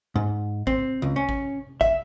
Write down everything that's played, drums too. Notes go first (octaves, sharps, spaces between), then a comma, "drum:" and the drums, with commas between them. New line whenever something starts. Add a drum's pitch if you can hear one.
G#2
C4, drum: kick A1
C#2
C#4
drum: kick A1
E5, drum: kick A1